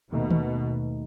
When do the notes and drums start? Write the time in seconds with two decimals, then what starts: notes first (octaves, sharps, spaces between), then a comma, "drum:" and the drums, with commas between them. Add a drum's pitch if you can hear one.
0.12 D#2 B2 D#3 A3 D#4
0.30 drum: tom D#3